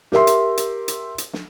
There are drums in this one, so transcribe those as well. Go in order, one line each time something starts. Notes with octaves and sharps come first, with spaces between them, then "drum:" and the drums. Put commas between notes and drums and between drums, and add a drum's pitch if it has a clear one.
G4 A#4 E5 C6, drum: snare
drum: hi-hat
drum: hi-hat
drum: hi-hat
drum: hi-hat
drum: snare